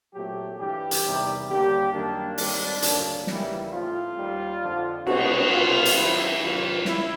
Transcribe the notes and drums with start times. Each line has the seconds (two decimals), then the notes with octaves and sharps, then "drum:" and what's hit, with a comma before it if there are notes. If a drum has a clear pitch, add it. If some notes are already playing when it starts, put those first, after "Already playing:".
0.14 A#2 F#3 A3 C4 G4
0.58 G2 E3 G3 G4
0.91 drum: hi-hat
1.04 E2 C3 D#3 G3
1.48 D#2 D3 G3 A#3 G4
1.93 F#2 D#3 G3 A#3 D4
2.38 G#2 D#3 G3 C4, drum: open hi-hat
2.82 D2 C#3 F#3 A#3, drum: hi-hat
3.27 D#2 C#3 E3 G3 A#3 E4, drum: snare
3.72 A2 F3 A3 C4 F4
4.17 D#2 D#3 G3
4.61 F2 D3 F3
5.07 C2 B2 G#3 B3 F#4, drum: cymbal
5.51 C2 B2 G3 B3 F4
5.85 drum: hi-hat
5.96 G#2 D#3 F#3 E4
6.40 E2 C3 D#3 F#3 B3 F4
6.85 C#2 E4, drum: snare